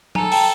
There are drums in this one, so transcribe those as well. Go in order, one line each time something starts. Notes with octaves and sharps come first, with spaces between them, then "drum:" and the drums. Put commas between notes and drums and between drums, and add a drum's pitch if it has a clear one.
A4 G#5 A#5, drum: tom
G5 A5, drum: open hi-hat